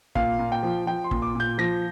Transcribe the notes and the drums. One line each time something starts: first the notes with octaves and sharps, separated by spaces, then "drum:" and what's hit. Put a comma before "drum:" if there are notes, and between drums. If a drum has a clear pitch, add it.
A#2 F5, drum: kick
A#2
G5
F3
F3 G5
C6
A#2, drum: kick
D6
A#2 G6
F3 A#6